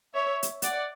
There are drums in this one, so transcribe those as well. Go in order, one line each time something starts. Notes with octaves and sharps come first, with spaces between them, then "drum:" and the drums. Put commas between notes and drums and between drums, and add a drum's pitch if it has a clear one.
C#5 E5
drum: hi-hat
D5 F#5, drum: hi-hat